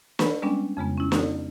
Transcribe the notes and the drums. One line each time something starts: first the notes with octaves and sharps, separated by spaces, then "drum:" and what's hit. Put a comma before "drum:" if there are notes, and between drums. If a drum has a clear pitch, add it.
B4 B5 C#6, drum: snare
G3 G#3 B3 C#4 D4
F2 C#3 G#3 B3
C#4 E4
B3 D#4 F#4, drum: snare